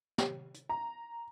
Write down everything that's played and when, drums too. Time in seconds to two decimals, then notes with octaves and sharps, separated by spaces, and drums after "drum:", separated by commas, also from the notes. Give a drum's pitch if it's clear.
0.18 drum: snare
0.54 drum: hi-hat
0.69 A#5